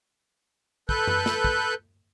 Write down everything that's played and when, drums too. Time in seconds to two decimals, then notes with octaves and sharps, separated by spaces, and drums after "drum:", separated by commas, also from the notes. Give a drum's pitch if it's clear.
0.89 A4 B4 F#6 G6, drum: kick
1.07 drum: tom F#2
1.26 drum: snare
1.44 drum: kick